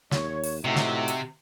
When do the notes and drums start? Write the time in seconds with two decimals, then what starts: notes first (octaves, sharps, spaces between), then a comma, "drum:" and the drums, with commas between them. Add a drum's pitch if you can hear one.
0.11 D#2 C#5, drum: snare
0.43 drum: open hi-hat
0.65 A2 C3 D#4 F#4 E5
0.76 drum: snare
1.08 drum: hi-hat